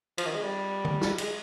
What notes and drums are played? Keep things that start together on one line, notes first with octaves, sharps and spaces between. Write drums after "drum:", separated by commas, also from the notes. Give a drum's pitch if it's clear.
F3, drum: cymbal
D#3
G#3
G3
drum: tom
drum: snare
G#3, drum: cymbal